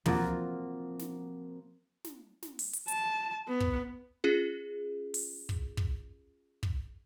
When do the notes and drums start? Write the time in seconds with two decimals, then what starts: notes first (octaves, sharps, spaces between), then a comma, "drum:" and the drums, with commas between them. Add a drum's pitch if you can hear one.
0.05 F3 A#3 C4 F4 F#4, drum: tom
0.99 drum: snare
2.04 drum: snare
2.42 drum: snare
2.59 drum: open hi-hat
2.73 drum: hi-hat
2.88 A5, drum: hi-hat
3.48 B3
3.60 drum: kick
4.24 C#4 F4 G#4
5.14 drum: open hi-hat
5.49 drum: kick
5.77 drum: kick
6.63 drum: kick